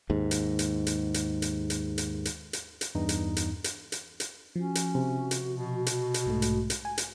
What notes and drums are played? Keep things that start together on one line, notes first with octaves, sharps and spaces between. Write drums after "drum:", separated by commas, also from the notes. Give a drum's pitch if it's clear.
D#2 G#2
drum: hi-hat
drum: hi-hat
drum: hi-hat
drum: hi-hat
drum: hi-hat
drum: hi-hat
drum: hi-hat
drum: hi-hat
drum: hi-hat
drum: hi-hat
E2 G2 D#4
drum: hi-hat
drum: hi-hat
drum: hi-hat
drum: hi-hat
drum: hi-hat
F3 C#4 F#4
drum: hi-hat
C3
drum: hi-hat
B2
drum: hi-hat
drum: hi-hat
B1 G#2 A3
drum: hi-hat
drum: hi-hat
G#5
drum: hi-hat